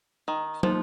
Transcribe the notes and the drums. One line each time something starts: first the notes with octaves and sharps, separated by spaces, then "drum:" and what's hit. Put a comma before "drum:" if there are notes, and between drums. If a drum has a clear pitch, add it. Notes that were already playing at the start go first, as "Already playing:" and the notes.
D#3
F3 A#3 D#4 C5, drum: tom